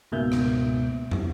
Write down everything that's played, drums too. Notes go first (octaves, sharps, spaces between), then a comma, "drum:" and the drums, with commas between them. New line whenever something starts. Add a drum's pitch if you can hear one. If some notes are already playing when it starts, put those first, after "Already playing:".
C#2 G#2 B2 A#3 E5 G6
drum: rim click
drum: tom